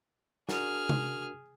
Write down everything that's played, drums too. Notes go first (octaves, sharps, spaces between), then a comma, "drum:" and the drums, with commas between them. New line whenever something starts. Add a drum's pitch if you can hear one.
D4 F#4 G#4 A#4 F6, drum: snare
drum: tom C3